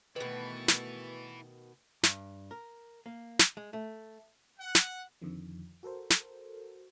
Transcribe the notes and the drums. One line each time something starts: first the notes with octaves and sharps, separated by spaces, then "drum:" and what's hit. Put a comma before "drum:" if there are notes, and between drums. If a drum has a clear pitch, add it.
B2 D#3 E3 A3 B4 C#6 A6
drum: snare
G2, drum: snare
A#4
A#3
drum: snare
G#3
A3
F#5
drum: snare
F2 D3 D#3 F3
F#4 A4 A#4 C5
drum: snare